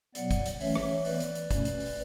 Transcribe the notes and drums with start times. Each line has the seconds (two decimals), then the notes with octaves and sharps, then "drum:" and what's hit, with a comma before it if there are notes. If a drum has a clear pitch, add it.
0.15 B2 F#3 B3 D5 F#5, drum: hi-hat
0.31 drum: kick, hi-hat
0.46 drum: hi-hat
0.60 E3 A3 C#4 C#5 E5, drum: open hi-hat
0.75 drum: rim click
1.05 E3 B3 B4 D5, drum: open hi-hat
1.20 drum: hi-hat
1.35 drum: hi-hat
1.51 B2 A3 C#4, drum: kick, hi-hat
1.65 drum: hi-hat
1.80 drum: open hi-hat